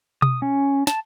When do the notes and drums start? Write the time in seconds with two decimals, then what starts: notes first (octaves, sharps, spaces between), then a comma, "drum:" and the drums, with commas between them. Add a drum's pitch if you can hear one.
0.22 D#6, drum: tom B2
0.42 C#4
0.87 A5, drum: snare